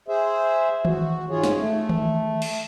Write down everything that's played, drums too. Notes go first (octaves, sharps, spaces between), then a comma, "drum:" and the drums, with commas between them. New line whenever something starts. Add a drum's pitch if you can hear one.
G#4 C5 E5
F#4, drum: tom D#3
G#2 F4 G#4 C#5
drum: snare
A3
drum: tom D#3
drum: cymbal